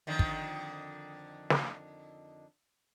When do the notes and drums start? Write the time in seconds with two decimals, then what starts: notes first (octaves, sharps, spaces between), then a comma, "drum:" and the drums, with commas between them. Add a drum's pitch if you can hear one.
0.07 F2 D3 D#3
0.19 drum: kick
1.50 drum: snare